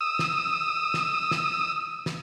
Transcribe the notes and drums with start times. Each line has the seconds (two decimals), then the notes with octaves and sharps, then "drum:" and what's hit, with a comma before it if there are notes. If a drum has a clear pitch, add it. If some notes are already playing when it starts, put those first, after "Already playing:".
0.01 D#6 E6
0.19 drum: snare
0.94 drum: snare
1.31 drum: snare
2.06 drum: snare